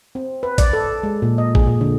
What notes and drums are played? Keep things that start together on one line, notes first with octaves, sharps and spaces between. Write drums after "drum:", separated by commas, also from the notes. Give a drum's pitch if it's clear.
C4
B4
D5, drum: kick A1, hi-hat
A4
G#3
A#2
D#5
G#4, drum: kick A1
A#2
D3